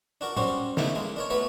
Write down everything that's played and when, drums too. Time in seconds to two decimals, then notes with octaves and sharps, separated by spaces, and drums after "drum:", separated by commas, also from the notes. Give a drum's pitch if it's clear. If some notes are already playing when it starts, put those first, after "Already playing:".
0.21 D4 F#4 A#4
0.37 G3 C#4 D4 F#4 C5, drum: tom
0.77 A3 A#3 D#4 E4, drum: snare
0.95 G#3 A#3
1.16 D4 A#4 C#5
1.30 A3 B3 F#4 B4